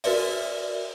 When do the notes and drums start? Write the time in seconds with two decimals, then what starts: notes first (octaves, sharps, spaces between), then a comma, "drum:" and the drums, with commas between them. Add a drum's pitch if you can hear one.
0.04 F#4 A#4 B4 D5 E5, drum: open hi-hat